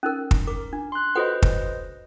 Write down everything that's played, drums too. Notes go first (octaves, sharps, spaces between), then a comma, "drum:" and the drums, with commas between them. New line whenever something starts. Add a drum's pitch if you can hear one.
C#4 D#4 A#4
drum: kick
A#4 D6
D4
C6 F#6
F#4 A4 B4 C5 D#5 F#5
drum: kick